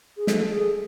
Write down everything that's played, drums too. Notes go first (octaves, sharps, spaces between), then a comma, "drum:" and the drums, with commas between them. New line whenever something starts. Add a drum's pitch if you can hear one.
G#4
A4, drum: snare
G#4